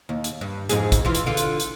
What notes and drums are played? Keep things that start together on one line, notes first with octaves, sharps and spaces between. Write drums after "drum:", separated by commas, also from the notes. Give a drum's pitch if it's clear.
D#2
drum: hi-hat
G2
F2 G#2 G#4, drum: hi-hat
drum: kick, hi-hat
E3 F4
drum: hi-hat
D3 F4
drum: hi-hat
drum: hi-hat